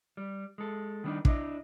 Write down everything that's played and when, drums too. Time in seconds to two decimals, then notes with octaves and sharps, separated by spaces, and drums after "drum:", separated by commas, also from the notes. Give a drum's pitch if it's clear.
0.17 G3
0.58 G#3 A4
1.04 D#3 G3 B3 C4 D4 D#4
1.25 D4 E4 B4 D#5, drum: kick